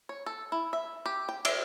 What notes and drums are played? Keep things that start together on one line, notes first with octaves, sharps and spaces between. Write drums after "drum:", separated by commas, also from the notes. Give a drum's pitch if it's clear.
C#5
A4
E4
E5
G4
G5
E5, drum: cymbal